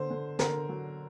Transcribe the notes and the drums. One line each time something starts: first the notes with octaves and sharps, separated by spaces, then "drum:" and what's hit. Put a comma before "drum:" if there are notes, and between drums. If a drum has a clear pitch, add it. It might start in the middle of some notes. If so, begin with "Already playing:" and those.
Already playing: D3 C5
D3
D3 A#4, drum: snare
F#3